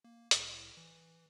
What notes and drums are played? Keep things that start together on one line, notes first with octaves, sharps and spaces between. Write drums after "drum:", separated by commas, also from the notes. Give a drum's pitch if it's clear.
A#3
C2 A2, drum: hi-hat
E3